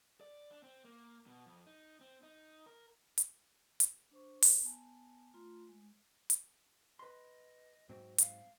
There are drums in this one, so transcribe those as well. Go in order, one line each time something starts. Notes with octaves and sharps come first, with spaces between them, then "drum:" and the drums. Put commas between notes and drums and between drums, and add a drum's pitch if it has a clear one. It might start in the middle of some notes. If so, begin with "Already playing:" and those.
D5
D4
C4
A#3
B2
F2
D#4
C4
D#4
A#4
drum: hi-hat
drum: hi-hat
D4 C5 C#6
drum: open hi-hat
B3 G#5 A5
A3 F4 A#5 C6
G#3
drum: hi-hat
B4 D#5 C6
G#2 F#3 C4 F#4
F5, drum: hi-hat